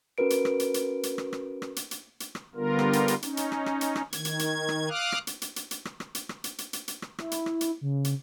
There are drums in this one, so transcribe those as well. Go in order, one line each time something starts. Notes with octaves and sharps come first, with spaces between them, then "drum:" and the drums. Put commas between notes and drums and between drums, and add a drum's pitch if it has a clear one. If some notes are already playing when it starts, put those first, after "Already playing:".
C#4 F#4 A#4 B4 D7
drum: hi-hat
drum: rim click
drum: hi-hat
drum: hi-hat
drum: hi-hat
drum: rim click
drum: rim click
drum: rim click
drum: hi-hat
drum: hi-hat
drum: hi-hat
drum: rim click
D3 G3 B3 F4 A#4
drum: rim click
drum: hi-hat
drum: hi-hat
C#4 D#4, drum: hi-hat
drum: hi-hat
drum: rim click
drum: rim click
drum: hi-hat
drum: rim click
D#3 G#6, drum: hi-hat
drum: hi-hat
drum: hi-hat
drum: rim click
F5 D6 D#6 F6 F#6
drum: rim click
drum: hi-hat
drum: hi-hat
drum: hi-hat
drum: hi-hat
drum: rim click
drum: rim click
drum: hi-hat
drum: rim click
drum: hi-hat
drum: hi-hat
drum: hi-hat
drum: hi-hat
drum: rim click
E4, drum: rim click
drum: hi-hat
drum: rim click
drum: hi-hat
C#3
drum: hi-hat